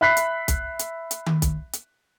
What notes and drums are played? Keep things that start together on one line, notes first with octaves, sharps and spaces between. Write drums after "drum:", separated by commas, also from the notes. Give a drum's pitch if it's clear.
E5 B5 F#6 B6 C7
drum: hi-hat
drum: kick B1, hi-hat
drum: hi-hat
drum: hi-hat
drum: tom D#3
drum: kick B1, hi-hat
drum: hi-hat